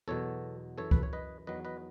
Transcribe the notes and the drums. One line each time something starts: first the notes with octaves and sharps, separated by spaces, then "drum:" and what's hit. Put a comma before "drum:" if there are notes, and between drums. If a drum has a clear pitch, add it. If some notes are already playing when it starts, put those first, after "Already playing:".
E2 B2 F#3 A4 C#5
F#2 E3 A4 C#5
B4, drum: kick C#2
C#5
B4 D#5
E2 D#3 F#3 B4 D#5
B4 D#5